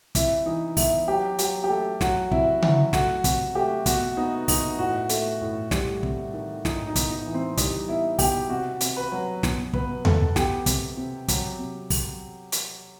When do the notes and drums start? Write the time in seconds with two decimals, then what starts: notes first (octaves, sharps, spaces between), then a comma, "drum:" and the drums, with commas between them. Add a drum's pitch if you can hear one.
0.15 C3 E4, drum: kick, hi-hat
0.46 E3 D#4
0.77 B3 E4, drum: kick, open hi-hat
1.08 F#3 G4
1.39 F#3 G4, drum: hi-hat
1.64 G4
1.70 A3 A4
2.01 F#3 F#4, drum: snare
2.31 C3 E4, drum: kick
2.62 F#3 E4, drum: tom C#3
2.93 A3 F#4, drum: snare
3.24 C3 F#4, drum: kick, hi-hat
3.55 A3 G4
3.86 B2 F#4, drum: kick, hi-hat
4.17 B3 D#4
4.48 B3 D#4, drum: kick, open hi-hat
4.79 A2 F#4
5.09 A3, drum: hi-hat
5.41 A2
5.71 G3, drum: snare
6.03 C3, drum: kick
6.34 D#3
6.65 A2 D#4, drum: snare
6.87 D#4
6.96 B3, drum: kick, hi-hat
7.11 D#4
7.26 E3
7.34 C4
7.57 G3 D#4, drum: kick, hi-hat
7.88 B3 E4
8.19 B2 G4, drum: kick, open hi-hat
8.50 C3 F#4
8.81 C3, drum: hi-hat
8.97 B4
9.12 F#3
9.43 B2, drum: snare
9.73 B2 B4, drum: kick
10.05 B2 A4, drum: tom E2
10.36 B3 G4, drum: snare
10.66 C3, drum: kick, hi-hat
10.97 C3
11.28 F#3, drum: kick, hi-hat
11.59 C3
11.90 drum: kick, open hi-hat
12.52 drum: hi-hat